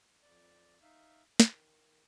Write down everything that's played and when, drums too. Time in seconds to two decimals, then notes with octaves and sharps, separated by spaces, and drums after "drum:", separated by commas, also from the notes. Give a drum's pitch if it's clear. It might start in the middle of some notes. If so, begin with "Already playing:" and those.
0.23 F2 D5
0.82 D#4 E5 F5
1.40 D#3, drum: snare